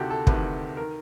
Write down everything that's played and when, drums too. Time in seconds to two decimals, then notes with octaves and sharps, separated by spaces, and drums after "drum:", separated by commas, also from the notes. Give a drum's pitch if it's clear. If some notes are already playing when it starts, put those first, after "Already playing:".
Already playing: D2 C3 D#3 F#4 G4 A4
0.10 A4
0.27 D2 C3 D#3 B4, drum: kick
0.77 D#3 A#4